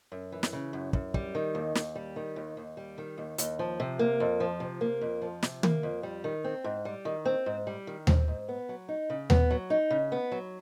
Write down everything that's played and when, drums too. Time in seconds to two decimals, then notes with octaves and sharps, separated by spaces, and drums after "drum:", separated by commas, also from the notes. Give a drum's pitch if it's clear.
0.12 F#2
0.32 E3
0.43 drum: snare
0.53 C#3
0.73 F#2
0.93 F#2, drum: kick
1.14 G3, drum: kick
1.35 D#3
1.55 D#2
1.75 D#2, drum: snare
1.95 G3
2.16 D#3
2.36 D#2
2.57 D#2
2.77 G3
2.98 D#3
3.18 D#2
3.38 D#2, drum: hi-hat
3.59 F3
3.80 C3
3.99 A#3
4.20 F2
4.40 F3
4.60 C3
4.81 A#3
5.01 F2
5.21 F3
5.42 C3, drum: snare
5.63 A#3, drum: tom
5.83 F2
6.03 G3
6.24 D#3
6.44 C4
6.64 G#2
6.85 G3
7.05 D#3
7.25 C4
7.46 G#2
7.67 G3
7.87 D#3
8.07 C4, drum: tom D#2
8.28 G#2
8.48 B3
8.69 F#3
8.88 D#4
9.10 C#3
9.30 B3, drum: tom D#2
9.50 F#3
9.70 D#4
9.90 C#3
10.12 B3
10.32 F#3